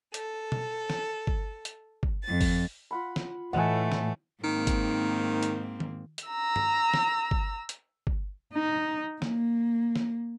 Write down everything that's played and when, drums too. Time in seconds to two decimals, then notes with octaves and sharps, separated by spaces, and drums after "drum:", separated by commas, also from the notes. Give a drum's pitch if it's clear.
0.14 A4, drum: hi-hat
0.52 drum: tom B2
0.90 drum: snare
1.27 drum: kick G1
1.65 drum: hi-hat
2.03 drum: kick G1
2.24 F2 A6
2.41 drum: kick G1, open hi-hat
2.91 F4 F#5 B5
3.16 drum: snare
3.53 A2 E3 A3 D#5 F#5 G#5
3.92 drum: snare
4.44 G#2 D#3 A#3 C4
4.67 drum: kick G1, hi-hat
5.43 drum: hi-hat
5.80 drum: tom
6.18 drum: hi-hat
6.28 A#5 E6
6.56 drum: tom G2
6.94 drum: snare
7.31 drum: kick G1
7.69 drum: hi-hat
8.07 drum: kick G1
8.53 D#4
9.22 A#3, drum: snare
9.96 drum: snare